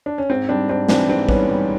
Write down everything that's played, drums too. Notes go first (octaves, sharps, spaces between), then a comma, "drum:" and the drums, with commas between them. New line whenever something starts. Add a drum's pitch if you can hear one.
D4
C#4
G#2 C4
G3 C4 D4
G#2 C4 D4
E3 C4 D4, drum: snare
G#2 C4
G3 B3 C#4, drum: kick
G3